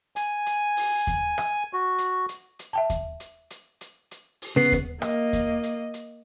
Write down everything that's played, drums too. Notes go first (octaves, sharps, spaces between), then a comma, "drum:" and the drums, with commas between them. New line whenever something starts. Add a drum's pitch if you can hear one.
G#5, drum: hi-hat
drum: hi-hat
drum: open hi-hat
drum: kick D#2, hi-hat
drum: rim click
F#4
drum: hi-hat
drum: hi-hat
drum: hi-hat
E5 G5 A5
drum: kick D#2, hi-hat
drum: hi-hat
drum: hi-hat
drum: hi-hat
drum: hi-hat
drum: open hi-hat
C#3 B3 B4 C7
drum: kick D#2, hi-hat
A#3 D#5, drum: rim click
drum: kick D#2, hi-hat
drum: hi-hat
drum: hi-hat